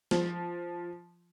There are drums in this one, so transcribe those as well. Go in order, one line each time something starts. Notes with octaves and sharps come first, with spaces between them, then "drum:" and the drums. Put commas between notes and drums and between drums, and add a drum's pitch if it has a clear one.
F3, drum: snare